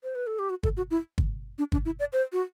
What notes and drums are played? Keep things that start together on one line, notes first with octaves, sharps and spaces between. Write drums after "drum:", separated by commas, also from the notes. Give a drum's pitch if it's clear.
C5
B4
A4
G4
F#4
A4, drum: kick
F#4
E4
drum: kick
D4
D4, drum: kick
E4
D5
C5
F#4